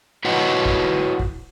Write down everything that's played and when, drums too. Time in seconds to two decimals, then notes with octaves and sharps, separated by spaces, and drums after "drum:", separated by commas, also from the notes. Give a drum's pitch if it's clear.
0.25 E4 F#4 B4 C#5 D#5 F#5
0.65 drum: kick
1.19 drum: kick